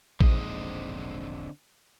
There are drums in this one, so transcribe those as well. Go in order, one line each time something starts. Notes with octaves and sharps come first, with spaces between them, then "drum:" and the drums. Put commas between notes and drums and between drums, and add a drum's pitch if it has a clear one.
E1 A#1 G#2 D3 C4 D#5, drum: kick A1